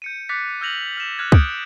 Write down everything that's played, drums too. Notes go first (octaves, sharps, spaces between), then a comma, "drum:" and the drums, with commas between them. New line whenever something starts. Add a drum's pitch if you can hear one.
G6 C#7 D#7
D6 F#6 A6 B6 C#7
E6 F6 G6 A#6 F7 F#7
F6 E7
F6 F#6 G#6
D#6 F6 G6 D7, drum: kick